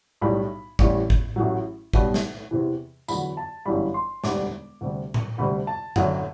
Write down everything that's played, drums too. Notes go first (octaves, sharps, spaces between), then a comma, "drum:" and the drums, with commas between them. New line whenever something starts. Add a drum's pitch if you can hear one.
B1 A2 G3 B5
A1 A2 E3 G3, drum: kick
drum: kick
A1 A2 F#3
B1 B2 G3, drum: kick
drum: snare
E2 C3 E3
E2 D3 F#3 B5, drum: tambourine
A5
G1 F#2 E3 G3 B5
C6
E1 D2 D3 G3 D6, drum: snare
D2 C3 G3
drum: tom A#2
D2 C3 G3 B5
A5
F#1 F#2 D3 F#5, drum: tom F#2